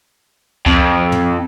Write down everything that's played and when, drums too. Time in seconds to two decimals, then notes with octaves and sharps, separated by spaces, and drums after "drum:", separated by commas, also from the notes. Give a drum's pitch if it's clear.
0.66 F2, drum: kick C#2
1.12 drum: tom